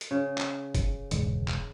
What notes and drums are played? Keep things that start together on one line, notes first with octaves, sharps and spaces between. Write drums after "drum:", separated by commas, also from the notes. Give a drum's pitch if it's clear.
drum: hi-hat
C#3
drum: clap
drum: kick, hi-hat
E1 C#2 G#2 D3 D#3, drum: hi-hat
drum: clap